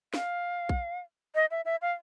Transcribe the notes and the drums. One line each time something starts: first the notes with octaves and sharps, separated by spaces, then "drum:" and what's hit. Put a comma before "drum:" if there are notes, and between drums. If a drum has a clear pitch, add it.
F5, drum: snare
drum: kick A#1
D#5
E5
E5
F5